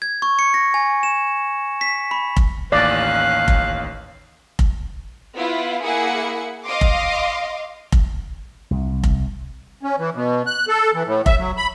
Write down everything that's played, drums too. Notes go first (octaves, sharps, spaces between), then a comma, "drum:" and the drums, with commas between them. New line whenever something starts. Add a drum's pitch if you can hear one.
G#6
C#6
C#7
A#6
G#5
E7
B6
B5
drum: kick F1
A1 D#2 C#4 D5 F5 F#6
drum: kick F1
drum: kick F1
B3 E4 F4
A#3 E4 G#4 F#5 C#7
D#5 F5 C6 D6
drum: kick F1
drum: kick F1
C2
drum: kick F1
C#4
E3
B2
F#6
A4
E3
A2
E5, drum: kick F1
F#3
B5